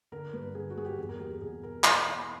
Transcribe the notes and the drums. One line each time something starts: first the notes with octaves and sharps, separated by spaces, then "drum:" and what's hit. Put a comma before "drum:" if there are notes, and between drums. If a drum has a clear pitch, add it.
D3 A#4
G2 B4
D3 G#4
F#4
G2 G#4
G4
E2 G#4
A#4
E2 G4
G#4
B2 G#4
B2 A#4
E3 A#4, drum: clap
E3